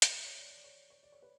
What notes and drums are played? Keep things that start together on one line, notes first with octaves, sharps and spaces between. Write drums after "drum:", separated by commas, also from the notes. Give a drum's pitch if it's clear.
drum: hi-hat
C#5
D5
D5
C#5
C#5
D5
C#5
B4